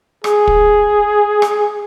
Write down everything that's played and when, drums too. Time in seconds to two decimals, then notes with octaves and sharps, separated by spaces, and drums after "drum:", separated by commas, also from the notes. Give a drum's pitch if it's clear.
0.24 G#4, drum: rim click
0.47 drum: kick
1.42 drum: rim click